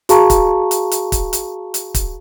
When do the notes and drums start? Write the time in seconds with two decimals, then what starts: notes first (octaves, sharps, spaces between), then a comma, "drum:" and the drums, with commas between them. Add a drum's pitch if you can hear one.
0.09 F#4 G#4 F5 A5 A#5 C#6, drum: hi-hat
0.30 drum: kick, hi-hat
0.71 drum: hi-hat
0.91 drum: hi-hat
1.12 drum: kick, hi-hat
1.33 drum: hi-hat
1.74 drum: hi-hat
1.94 drum: kick, hi-hat